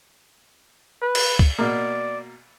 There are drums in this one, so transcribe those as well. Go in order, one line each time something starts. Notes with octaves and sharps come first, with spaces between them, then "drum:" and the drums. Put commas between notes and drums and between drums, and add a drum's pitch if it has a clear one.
B4
drum: cymbal
drum: kick C#2
B2 A#3 D5